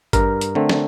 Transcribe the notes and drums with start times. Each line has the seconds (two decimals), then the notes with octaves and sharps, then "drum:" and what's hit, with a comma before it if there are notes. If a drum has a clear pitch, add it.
0.13 G2 A#4, drum: kick G#1, hi-hat
0.41 drum: hi-hat
0.55 D3 A3 C4
0.69 drum: snare